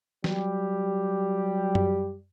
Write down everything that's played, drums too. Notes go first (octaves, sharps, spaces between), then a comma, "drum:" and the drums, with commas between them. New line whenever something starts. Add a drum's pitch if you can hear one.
F#3 G3 G4, drum: snare
drum: tom F#2